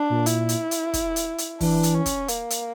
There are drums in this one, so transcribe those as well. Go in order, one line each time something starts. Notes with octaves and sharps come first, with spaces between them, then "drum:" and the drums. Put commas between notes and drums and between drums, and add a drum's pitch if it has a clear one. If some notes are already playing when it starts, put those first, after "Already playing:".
Already playing: D4
A#2
E4, drum: hi-hat
drum: hi-hat
drum: hi-hat
drum: kick, hi-hat
drum: hi-hat
drum: hi-hat
E3 D4, drum: kick, open hi-hat
drum: hi-hat
C#4
drum: kick, hi-hat
A#3, drum: hi-hat
drum: hi-hat